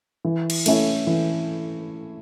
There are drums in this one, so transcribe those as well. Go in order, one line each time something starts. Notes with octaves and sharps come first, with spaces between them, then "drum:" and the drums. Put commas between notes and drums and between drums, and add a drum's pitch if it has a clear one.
E3
drum: cymbal
A3 C#4 E4, drum: cymbal
E3